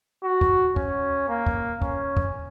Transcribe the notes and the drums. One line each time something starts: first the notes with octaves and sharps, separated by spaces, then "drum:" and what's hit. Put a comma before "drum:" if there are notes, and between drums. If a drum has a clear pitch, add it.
F#4
drum: kick
C#4, drum: kick
A#3
drum: kick
C#4, drum: kick
drum: kick